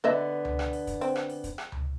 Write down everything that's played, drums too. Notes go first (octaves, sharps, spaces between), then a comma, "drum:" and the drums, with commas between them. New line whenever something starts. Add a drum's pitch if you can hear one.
D3 B3 B4 D#5 E5
drum: tom C#2
drum: rim click
drum: open hi-hat
drum: kick, hi-hat
C4, drum: open hi-hat
drum: rim click
drum: open hi-hat
drum: kick, hi-hat
drum: rim click
drum: tom C#2